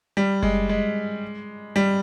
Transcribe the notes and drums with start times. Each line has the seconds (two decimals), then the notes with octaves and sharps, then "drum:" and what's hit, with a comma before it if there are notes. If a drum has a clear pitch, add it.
0.17 G3
0.43 G#3, drum: kick F#1
0.69 G#3
1.76 G3